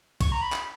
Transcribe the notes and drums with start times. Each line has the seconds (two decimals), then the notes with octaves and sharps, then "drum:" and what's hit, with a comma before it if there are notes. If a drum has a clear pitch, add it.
0.21 C#6, drum: kick, cymbal
0.32 A#5
0.41 B5
0.52 drum: clap